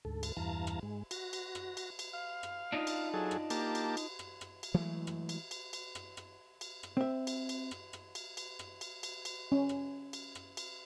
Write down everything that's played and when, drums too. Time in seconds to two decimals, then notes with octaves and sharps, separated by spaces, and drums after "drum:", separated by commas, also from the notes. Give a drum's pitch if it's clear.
0.05 D2 G#2 A4
0.23 drum: cymbal
0.37 E2 G2 E3 F5 A5 A#5
0.67 drum: rim click
0.83 G#2 G#3
1.11 F#4 A#6, drum: cymbal
1.33 drum: cymbal
1.55 drum: rim click
1.77 drum: cymbal
1.99 drum: cymbal
2.13 F5
2.43 drum: rim click
2.73 D4 D#4 F4
2.87 drum: cymbal
3.14 F#3 G#4 A4
3.31 drum: rim click
3.50 A#3 G4 A5, drum: cymbal
3.75 drum: cymbal
3.97 drum: cymbal
4.19 drum: rim click
4.41 drum: rim click
4.63 drum: cymbal
4.74 E3 F#3 G#3 A3
5.07 drum: rim click
5.29 drum: cymbal
5.51 drum: cymbal
5.73 drum: cymbal
5.95 drum: rim click
6.17 drum: rim click
6.61 drum: cymbal
6.83 drum: rim click
6.97 C4 E5
7.27 drum: cymbal
7.49 drum: cymbal
7.71 drum: rim click
7.93 drum: rim click
8.15 drum: cymbal
8.37 drum: cymbal
8.59 drum: rim click
8.81 drum: cymbal
9.03 drum: cymbal
9.25 drum: cymbal
9.52 C#4
9.69 drum: rim click
10.13 drum: cymbal
10.35 drum: rim click
10.57 drum: cymbal